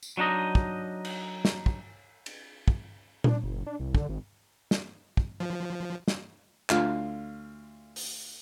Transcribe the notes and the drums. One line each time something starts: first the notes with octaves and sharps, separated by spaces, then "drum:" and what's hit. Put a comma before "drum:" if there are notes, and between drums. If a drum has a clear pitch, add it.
drum: tambourine
F#3 D4 D#4 D#5
drum: kick
drum: cymbal
drum: snare
drum: kick
drum: cymbal
drum: kick
D4, drum: tom A#2
F#1
D4
C2
D3, drum: kick
G#1
drum: snare
drum: kick
F3
drum: snare
D2 F4 F5, drum: clap
drum: open hi-hat